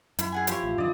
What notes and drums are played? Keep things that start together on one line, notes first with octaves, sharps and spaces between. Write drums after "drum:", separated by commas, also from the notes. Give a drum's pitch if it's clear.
F#2 E4 B5, drum: hi-hat
G#4 F#5 G#5
F3 G4 C5 C#5, drum: hi-hat
A1
F#2 D3 D#3 D5 D#5